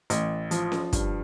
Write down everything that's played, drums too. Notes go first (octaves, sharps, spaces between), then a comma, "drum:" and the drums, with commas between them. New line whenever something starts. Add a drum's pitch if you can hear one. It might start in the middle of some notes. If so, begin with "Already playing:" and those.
A1, drum: hi-hat
F3, drum: hi-hat
drum: snare C#4
G2, drum: kick, hi-hat